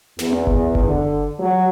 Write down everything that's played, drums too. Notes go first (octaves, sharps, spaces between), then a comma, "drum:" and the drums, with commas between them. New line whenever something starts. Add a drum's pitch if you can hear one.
E2, drum: snare
drum: tom B3
drum: kick F#1
drum: kick F#1
D3
F#3